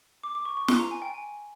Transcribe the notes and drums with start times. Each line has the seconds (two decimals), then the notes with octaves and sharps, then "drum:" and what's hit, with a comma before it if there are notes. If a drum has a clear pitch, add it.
0.23 D6
0.35 D6
0.45 C#6
0.57 C#6
0.68 C6, drum: snare
0.80 A#5
0.91 G#5
1.02 G5
1.14 G#5